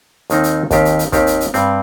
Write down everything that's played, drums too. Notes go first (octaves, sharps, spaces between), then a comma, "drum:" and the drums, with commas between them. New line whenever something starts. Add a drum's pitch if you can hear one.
D#2 D#3 C4 D#4, drum: hi-hat
drum: hi-hat
D#2 D#3 C4 G4, drum: kick, hi-hat
drum: hi-hat
drum: hi-hat
D#2 D#3 C4 G4, drum: kick, hi-hat
drum: hi-hat
drum: hi-hat
G2 G3 C4, drum: hi-hat